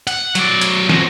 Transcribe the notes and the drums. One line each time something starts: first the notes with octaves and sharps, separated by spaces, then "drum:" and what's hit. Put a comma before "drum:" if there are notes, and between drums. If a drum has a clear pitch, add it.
F#5, drum: hi-hat
F#3 D5, drum: hi-hat
drum: hi-hat
F3 F#4, drum: snare